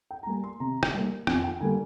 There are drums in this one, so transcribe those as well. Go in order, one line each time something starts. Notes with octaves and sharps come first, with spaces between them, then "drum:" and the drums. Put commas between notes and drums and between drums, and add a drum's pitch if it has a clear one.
G5
A#5
G3 A#3 G#5
C6
C3 A#5
drum: rim click
G3 A#3
F2 G#5, drum: rim click
G5
D3 G3 A#3 G#5